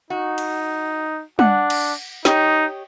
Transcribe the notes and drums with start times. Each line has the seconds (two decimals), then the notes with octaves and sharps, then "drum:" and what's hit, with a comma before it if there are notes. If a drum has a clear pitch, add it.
0.10 D#4 F#4
0.38 drum: cymbal
1.39 D4 F#5, drum: tom G3
1.70 drum: cymbal
2.25 D#4 G4 C#5 D#5, drum: snare